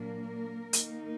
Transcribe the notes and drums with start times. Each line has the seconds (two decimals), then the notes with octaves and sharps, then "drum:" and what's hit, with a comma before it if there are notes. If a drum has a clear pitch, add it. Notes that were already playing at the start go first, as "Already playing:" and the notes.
Already playing: A#2 F#3 A#3 D4 A#4
0.73 D#3 A#3 D#4, drum: hi-hat